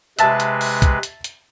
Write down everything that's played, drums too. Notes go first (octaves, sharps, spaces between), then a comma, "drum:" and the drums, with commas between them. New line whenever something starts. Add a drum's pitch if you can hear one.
C3 G#3 B4 E5 A5, drum: hi-hat
drum: hi-hat
drum: open hi-hat
drum: kick C2, hi-hat
drum: hi-hat
drum: hi-hat